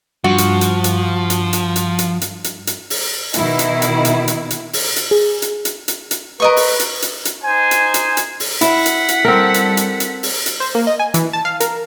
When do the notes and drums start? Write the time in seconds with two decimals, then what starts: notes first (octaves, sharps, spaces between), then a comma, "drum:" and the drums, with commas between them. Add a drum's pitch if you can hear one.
0.24 G2 F3 F#4
0.38 drum: hi-hat
0.61 drum: hi-hat
0.84 drum: hi-hat
1.30 drum: hi-hat
1.53 drum: hi-hat
1.76 drum: hi-hat
1.99 drum: hi-hat
2.21 drum: hi-hat
2.44 drum: hi-hat
2.67 drum: hi-hat
2.90 drum: open hi-hat
3.34 B2 D#3 E4, drum: hi-hat
3.59 drum: hi-hat
3.82 drum: hi-hat
4.05 drum: hi-hat
4.28 drum: hi-hat
4.50 drum: hi-hat
4.73 drum: open hi-hat
4.96 drum: hi-hat
5.11 G#4
5.42 drum: hi-hat
5.65 drum: hi-hat
5.88 drum: hi-hat
6.11 drum: hi-hat
6.40 A#4 B4 D#5 C#6
6.57 drum: open hi-hat
6.79 drum: hi-hat
7.02 drum: hi-hat
7.25 drum: hi-hat
7.44 D#4 C5 G#5
7.71 drum: hi-hat
7.94 drum: hi-hat
8.17 drum: hi-hat
8.40 drum: open hi-hat
8.61 E4 F#5 B6, drum: hi-hat
8.86 drum: hi-hat
9.08 drum: hi-hat
9.25 G3 C4 A4 A#4
9.54 drum: hi-hat
9.77 drum: hi-hat
10.00 drum: hi-hat
10.23 drum: open hi-hat
10.46 drum: hi-hat
10.60 C5
10.75 A#3
10.87 D#5
10.99 G#5
11.14 E3, drum: hi-hat
11.33 A5
11.45 F5
11.60 A#4, drum: hi-hat